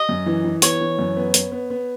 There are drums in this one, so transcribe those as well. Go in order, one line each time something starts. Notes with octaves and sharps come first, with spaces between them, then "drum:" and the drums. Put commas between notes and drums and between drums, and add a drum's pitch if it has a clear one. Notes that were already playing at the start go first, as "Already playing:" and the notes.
Already playing: D#5
F#2
E3
E3
B3 C#5, drum: hi-hat
E3
F#2
B3
B3, drum: hi-hat
B3
B3